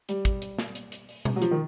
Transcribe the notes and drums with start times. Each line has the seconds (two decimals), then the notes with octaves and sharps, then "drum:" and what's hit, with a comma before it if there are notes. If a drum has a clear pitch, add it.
0.09 G3, drum: hi-hat
0.25 drum: kick, hi-hat
0.42 drum: hi-hat
0.59 drum: snare
0.75 drum: hi-hat
0.92 drum: hi-hat
1.09 drum: open hi-hat
1.25 drum: tom B2
1.36 F#3
1.42 F3, drum: hi-hat
1.51 D#3